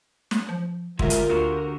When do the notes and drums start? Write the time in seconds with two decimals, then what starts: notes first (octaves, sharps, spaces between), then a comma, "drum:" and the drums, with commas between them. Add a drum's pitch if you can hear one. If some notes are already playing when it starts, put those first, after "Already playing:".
0.31 drum: snare
0.49 F3
0.99 D3 G#3 F4 G4 A#4 E5, drum: kick
1.10 drum: hi-hat
1.30 D2 D3 F#4